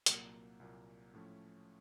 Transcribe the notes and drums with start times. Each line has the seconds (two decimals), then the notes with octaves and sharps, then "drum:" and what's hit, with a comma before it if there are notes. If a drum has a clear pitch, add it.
0.06 C2 A#2 F#3 A#3, drum: hi-hat
0.60 C2 A#2 F#3 A#3
1.14 A2 F3 A3 C#4